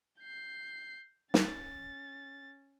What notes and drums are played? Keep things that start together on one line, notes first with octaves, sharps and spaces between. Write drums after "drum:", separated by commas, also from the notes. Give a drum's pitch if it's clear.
G6 C7
C#4 A6, drum: snare